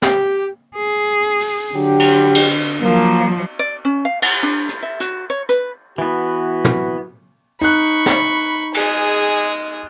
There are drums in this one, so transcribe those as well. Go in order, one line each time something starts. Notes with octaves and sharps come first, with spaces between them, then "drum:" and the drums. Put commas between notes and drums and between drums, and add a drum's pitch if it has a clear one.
G4, drum: snare
G#4
drum: open hi-hat
D3 F#3 G4
drum: cymbal
drum: cymbal
F3 F#3 A#3
D5
C#4
F5
F#5, drum: cymbal
D4
drum: hi-hat
E5
F#4, drum: hi-hat
C#5
B4, drum: hi-hat
E3 B3 F#4
drum: tom
D#4 B5 C#6 F#6
drum: snare
G#3 G#4, drum: cymbal